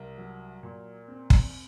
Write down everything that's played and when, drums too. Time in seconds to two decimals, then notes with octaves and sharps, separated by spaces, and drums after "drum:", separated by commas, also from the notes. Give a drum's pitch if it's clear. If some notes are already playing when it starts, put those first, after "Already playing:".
Already playing: C2 A#4
0.18 F#3
0.63 A#2
1.08 C4
1.30 drum: kick